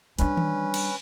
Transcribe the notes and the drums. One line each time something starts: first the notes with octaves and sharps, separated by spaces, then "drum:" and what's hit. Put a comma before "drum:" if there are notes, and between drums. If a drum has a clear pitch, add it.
G3 C#4 D4 B4, drum: hi-hat
drum: tom D#3
drum: cymbal